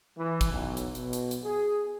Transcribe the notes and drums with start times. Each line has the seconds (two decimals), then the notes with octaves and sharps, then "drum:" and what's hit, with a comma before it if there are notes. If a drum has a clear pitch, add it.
0.18 E3
0.41 drum: kick, hi-hat
0.51 B1
0.77 drum: hi-hat
0.95 B2, drum: hi-hat
1.13 drum: hi-hat
1.31 drum: hi-hat
1.45 G#4